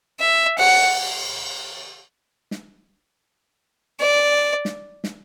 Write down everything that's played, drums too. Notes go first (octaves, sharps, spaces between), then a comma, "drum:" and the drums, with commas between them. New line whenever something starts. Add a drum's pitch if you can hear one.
E5
F#5, drum: cymbal
drum: snare
D5
drum: snare
drum: snare